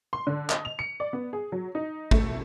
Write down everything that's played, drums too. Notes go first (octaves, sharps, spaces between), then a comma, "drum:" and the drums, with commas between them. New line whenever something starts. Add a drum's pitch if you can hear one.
C6
D3
D#5, drum: clap
F7
C#7
D5
B3
G#4
F#3
D#4
A3, drum: kick